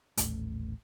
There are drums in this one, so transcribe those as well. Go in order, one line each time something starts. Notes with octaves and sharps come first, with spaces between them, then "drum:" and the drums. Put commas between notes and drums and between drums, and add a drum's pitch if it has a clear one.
D#1 A1 A3, drum: hi-hat